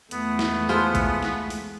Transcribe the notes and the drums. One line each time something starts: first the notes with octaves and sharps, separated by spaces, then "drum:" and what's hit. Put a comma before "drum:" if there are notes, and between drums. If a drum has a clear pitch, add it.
E2 A3 B3, drum: hi-hat
drum: snare
G#3 F4 A4 C5
drum: kick, hi-hat
drum: snare
drum: open hi-hat